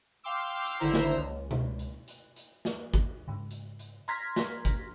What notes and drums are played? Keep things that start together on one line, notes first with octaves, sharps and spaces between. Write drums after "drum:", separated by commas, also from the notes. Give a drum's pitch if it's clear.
F5 G5 C6 D6 E6
drum: hi-hat
G#1 D3 E4 C5 A#5 E6
drum: snare
C#2
drum: tom B2
drum: hi-hat
drum: hi-hat
drum: hi-hat
drum: snare
drum: kick
G#2 C#3
drum: hi-hat
drum: hi-hat
A#5 C6 F6 G#6 A#6 B6, drum: hi-hat
drum: snare
drum: kick, hi-hat